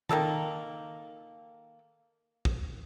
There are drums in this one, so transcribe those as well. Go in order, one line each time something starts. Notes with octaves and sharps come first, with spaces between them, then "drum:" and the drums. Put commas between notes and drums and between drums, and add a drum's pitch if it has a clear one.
D#3 A#3 A4 A5, drum: tom D#3
drum: kick